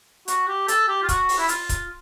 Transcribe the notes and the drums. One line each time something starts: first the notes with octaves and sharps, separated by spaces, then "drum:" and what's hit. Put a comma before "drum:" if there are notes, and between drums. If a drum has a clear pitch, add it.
F#4, drum: hi-hat
G4
A4, drum: hi-hat
G4
F4
F#4, drum: kick, hi-hat
drum: open hi-hat
E4
F4, drum: hi-hat
drum: kick, hi-hat